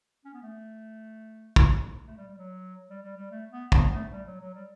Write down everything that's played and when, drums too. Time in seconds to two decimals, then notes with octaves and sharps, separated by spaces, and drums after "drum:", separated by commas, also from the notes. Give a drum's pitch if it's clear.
0.25 C#4
0.33 B3
0.42 A3
1.56 drum: kick
2.07 A3
2.17 G3
2.28 G3
2.38 F#3
2.90 G3
3.03 G3
3.16 G3
3.30 A3
3.51 B3
3.72 B3, drum: kick
3.93 A3
4.13 G3
4.27 F#3
4.41 F#3
4.54 G3